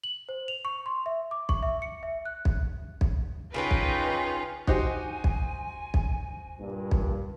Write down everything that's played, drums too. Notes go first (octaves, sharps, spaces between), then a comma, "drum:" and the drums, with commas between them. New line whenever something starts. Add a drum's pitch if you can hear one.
F#7
C5
F7
C#6
C6
E5
D6
C#6, drum: kick B1
E5
C#7
E5
F#6
drum: kick B1
drum: kick B1
C#3 C#4 D#4 F4 A#4 B4 G5
drum: kick B1
D#4 F#4 G4 C5 G#5, drum: kick B1
drum: kick B1
drum: kick B1
G2 A#2
drum: kick B1